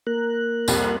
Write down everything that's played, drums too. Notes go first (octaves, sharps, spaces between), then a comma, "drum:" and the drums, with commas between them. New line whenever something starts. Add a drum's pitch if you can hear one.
A#3 A#4 F#6
C2 F2 G3, drum: tambourine